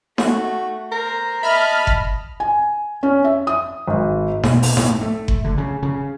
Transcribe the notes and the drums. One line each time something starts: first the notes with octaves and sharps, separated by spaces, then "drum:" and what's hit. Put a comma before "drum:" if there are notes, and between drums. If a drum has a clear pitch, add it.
A3 F#4, drum: snare D#4
A#4 C5 A#5
D#5 E5 A5 B5 F6
drum: kick F#1
G#5
C#4
E5
D#6
G#1
B2, drum: snare D#4
drum: open hi-hat
A2, drum: snare D#4
A3
drum: kick F#1
D3
C#3
C#3